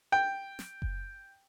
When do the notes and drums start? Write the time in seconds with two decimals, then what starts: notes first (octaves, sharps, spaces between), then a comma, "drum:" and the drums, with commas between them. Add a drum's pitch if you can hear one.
0.12 G5
0.59 drum: snare
0.82 drum: kick F#1